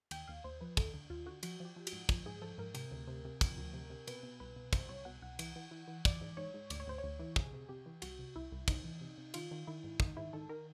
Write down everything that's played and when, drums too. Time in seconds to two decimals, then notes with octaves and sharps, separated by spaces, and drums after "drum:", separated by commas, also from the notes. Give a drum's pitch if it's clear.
0.11 D#2 G5, drum: cymbal
0.28 D#2 F5
0.44 D#2 C5
0.61 F3 B4
0.77 D#2 A4, drum: kick, cymbal
0.94 D3
1.10 D#2 F4
1.26 D3 F#4
1.43 F3 F#4, drum: cymbal
1.60 F3 G4
1.76 F3
1.87 F#4, drum: cymbal
1.93 G#2
2.09 F3, drum: kick, cymbal
2.26 G#2 G#4
2.42 F3 A4
2.58 G#2 A#4
2.75 C3, drum: cymbal
2.91 D2
3.08 C3
3.25 C3
3.41 F3, drum: kick, cymbal
3.58 D2
3.73 C3
3.90 C3
4.07 B2 B4, drum: cymbal
4.23 B2
4.40 C2 B4
4.56 B2
4.73 C2 C5, drum: kick, cymbal
4.89 C2 C#5
5.05 B2 F#5
5.22 C2 F#5
5.39 E3, drum: cymbal
5.56 E3
5.71 E3
5.88 E3
6.05 E3 D5, drum: kick, cymbal
6.21 G#2
6.37 G#2 C#5
6.54 G#2
6.70 D2 D5, drum: cymbal
6.80 C#5
6.87 D2 C5
6.98 C#5
7.04 D2
7.19 E3
7.36 C3 G#4, drum: kick
7.53 C3
7.69 C3 G4
7.86 E3
8.02 C2 F#4, drum: cymbal
8.19 C3
8.36 C2 E4
8.52 C2
8.68 C2 D#4, drum: kick, cymbal
8.84 E3
9.01 C3
9.18 C3
9.34 D#3 F4, drum: cymbal
9.51 D#3
9.67 D#3 E4
9.84 G#2
10.00 D#3 D#4, drum: kick
10.17 G#2 E4
10.33 D#3 A4
10.49 D#3 A#4